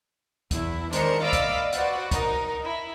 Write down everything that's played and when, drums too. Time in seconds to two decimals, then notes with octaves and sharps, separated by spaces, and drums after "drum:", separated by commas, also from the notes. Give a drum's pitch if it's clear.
0.51 E2 E4, drum: kick, hi-hat
0.93 D#3 G#3 D4 A#4 C5 C#7, drum: hi-hat
1.23 D5 D#5 F5 B5 D6 E6
1.33 drum: kick, hi-hat
1.73 F#4 B4 C5 D5 F#5, drum: hi-hat
2.11 D#4 A#4, drum: kick, hi-hat
2.63 E4